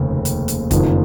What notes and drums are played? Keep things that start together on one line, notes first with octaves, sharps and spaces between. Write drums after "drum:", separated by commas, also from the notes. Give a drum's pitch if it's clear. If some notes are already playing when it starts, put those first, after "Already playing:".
Already playing: F1 D#2 C#3
drum: hi-hat
drum: hi-hat
F#1 F2 D#3, drum: kick, hi-hat